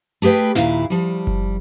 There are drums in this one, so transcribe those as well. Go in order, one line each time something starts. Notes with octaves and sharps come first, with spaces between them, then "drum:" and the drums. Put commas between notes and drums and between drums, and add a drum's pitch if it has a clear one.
A3 G4 G#4 B4 G5
D#2 A#2 E4 F5, drum: snare
F3 G3
drum: kick F#1